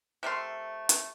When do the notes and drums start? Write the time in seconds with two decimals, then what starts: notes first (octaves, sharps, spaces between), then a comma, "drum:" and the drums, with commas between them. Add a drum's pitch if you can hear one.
0.23 C3 A3 A#4 C6
0.89 drum: hi-hat